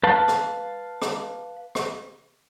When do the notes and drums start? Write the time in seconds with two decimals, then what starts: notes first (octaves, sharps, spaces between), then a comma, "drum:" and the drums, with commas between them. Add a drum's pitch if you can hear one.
0.03 B4 F5 A5
0.28 drum: rim click
1.02 drum: rim click
1.75 drum: rim click